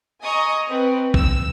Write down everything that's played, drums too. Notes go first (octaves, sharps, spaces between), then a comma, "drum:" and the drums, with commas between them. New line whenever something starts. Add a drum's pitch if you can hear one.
D#5 G#5 A#5 C#6 D#6
C4 B4
E6, drum: kick